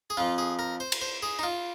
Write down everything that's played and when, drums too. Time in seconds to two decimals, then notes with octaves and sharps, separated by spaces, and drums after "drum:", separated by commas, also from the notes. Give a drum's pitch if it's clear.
0.10 G#4
0.17 F2 F3 F4
0.38 G#4
0.59 A#4
0.80 C5
0.92 drum: cymbal
1.01 C5
1.22 G#4
1.39 D#4
1.43 F4